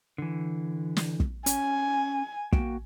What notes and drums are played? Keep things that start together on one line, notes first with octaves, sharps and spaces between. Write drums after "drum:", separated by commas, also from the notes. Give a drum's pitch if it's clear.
D3 E3
drum: snare
drum: kick
C#4 G#5, drum: hi-hat
A#3 F#4 G5, drum: kick